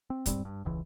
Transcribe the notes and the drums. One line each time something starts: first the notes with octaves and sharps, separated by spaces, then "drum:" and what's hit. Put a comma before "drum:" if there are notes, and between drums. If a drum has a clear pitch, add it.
C4
G#2 G3 B3 C4, drum: kick, hi-hat
G2
E1 C#2 E3